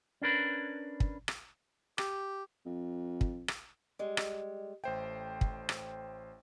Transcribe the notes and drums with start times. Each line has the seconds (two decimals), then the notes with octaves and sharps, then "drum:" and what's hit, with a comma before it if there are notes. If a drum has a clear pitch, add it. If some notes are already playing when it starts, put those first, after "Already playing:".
0.22 C#4 D4 A#4 B4
1.00 drum: kick
1.28 drum: rim click
1.98 G4, drum: rim click
2.66 F2
3.21 drum: kick
3.48 drum: rim click
3.99 G3 G#3
4.17 drum: rim click
4.84 A1 A3 C5 G5
5.41 drum: kick
5.69 drum: rim click